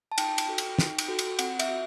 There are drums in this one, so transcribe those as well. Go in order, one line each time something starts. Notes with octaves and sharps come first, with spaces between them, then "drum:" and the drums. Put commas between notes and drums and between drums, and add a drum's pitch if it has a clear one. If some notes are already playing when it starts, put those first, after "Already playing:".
A5
D#4 G5, drum: cymbal
drum: cymbal
F#4 A4
drum: cymbal
D#4, drum: snare
drum: cymbal
F#4 A4
drum: cymbal
C4 F#5, drum: cymbal
E5, drum: cymbal
F#4